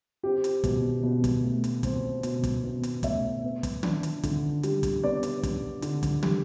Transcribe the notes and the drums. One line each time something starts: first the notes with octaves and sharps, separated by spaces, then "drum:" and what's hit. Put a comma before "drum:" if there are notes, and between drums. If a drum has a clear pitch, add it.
C4 G4
drum: hi-hat
B2, drum: kick, hi-hat
B2
drum: kick, hi-hat
A3
drum: hi-hat
C4, drum: kick, hi-hat
B2, drum: hi-hat
drum: kick, hi-hat
B2
drum: hi-hat
A3 E5, drum: kick, hi-hat
B3
drum: kick, hi-hat
D4, drum: tom
drum: hi-hat
D3, drum: kick, hi-hat
G3, drum: hi-hat
drum: kick, hi-hat
B3 D5
drum: hi-hat
D4, drum: kick, hi-hat
D3, drum: hi-hat
drum: kick, hi-hat
G3, drum: tom